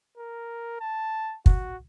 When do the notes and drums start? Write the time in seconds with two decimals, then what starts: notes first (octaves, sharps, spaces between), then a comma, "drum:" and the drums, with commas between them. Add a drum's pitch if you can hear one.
0.18 A#4
0.80 A5
1.46 F#4, drum: kick